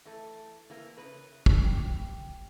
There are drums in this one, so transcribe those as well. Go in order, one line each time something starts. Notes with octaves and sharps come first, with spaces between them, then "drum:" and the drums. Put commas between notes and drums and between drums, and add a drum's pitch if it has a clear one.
E3 A3
E3 A#3
C#3 B4
drum: kick
G4